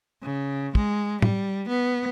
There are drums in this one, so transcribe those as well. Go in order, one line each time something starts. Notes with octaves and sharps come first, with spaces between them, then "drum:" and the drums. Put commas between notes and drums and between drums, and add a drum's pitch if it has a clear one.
C#3
G#3, drum: kick
G3, drum: tom
B3